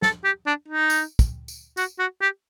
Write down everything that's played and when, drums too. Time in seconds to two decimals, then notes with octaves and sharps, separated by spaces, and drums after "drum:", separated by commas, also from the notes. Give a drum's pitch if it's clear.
0.02 A4, drum: snare
0.24 G4
0.46 D4
0.68 D#4
0.90 drum: tambourine
1.19 drum: kick, tambourine
1.48 drum: tambourine
1.77 F#4, drum: tambourine
1.99 F#4
2.21 G4